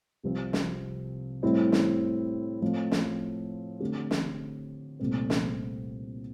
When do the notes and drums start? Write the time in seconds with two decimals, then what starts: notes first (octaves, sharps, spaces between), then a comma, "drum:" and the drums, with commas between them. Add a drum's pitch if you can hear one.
0.23 C2 C3 F3 C4
0.53 drum: snare
1.42 A2 G3 C4 E4
1.72 drum: snare
2.62 A2 F3 C4
2.92 drum: snare
3.80 D3 A3 C4 G4
4.11 drum: snare
5.00 C2 A#2 A3 C4
5.30 drum: snare